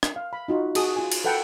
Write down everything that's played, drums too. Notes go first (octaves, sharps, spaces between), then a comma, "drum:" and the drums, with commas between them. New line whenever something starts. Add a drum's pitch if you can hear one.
drum: rim click
F5
B5
D#4 F4 F#4
F#4 G#4 A5 D#6, drum: cymbal
F4 G#5
drum: cymbal
A4 B4 F#5 G5 A5